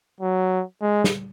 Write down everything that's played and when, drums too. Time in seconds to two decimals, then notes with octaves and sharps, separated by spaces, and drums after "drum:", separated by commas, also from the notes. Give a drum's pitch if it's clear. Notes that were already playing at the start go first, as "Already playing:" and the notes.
0.20 F#3
0.82 G#3
1.04 drum: snare